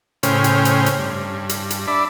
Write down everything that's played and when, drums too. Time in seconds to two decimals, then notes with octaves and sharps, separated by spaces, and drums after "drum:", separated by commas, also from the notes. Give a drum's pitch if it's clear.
0.23 A2 C#3 C#4 C5 G5 F6, drum: hi-hat
0.44 drum: hi-hat
0.65 drum: hi-hat
0.86 drum: hi-hat
0.99 G2
1.49 drum: hi-hat
1.70 drum: hi-hat
1.87 D4 D5 E5 B5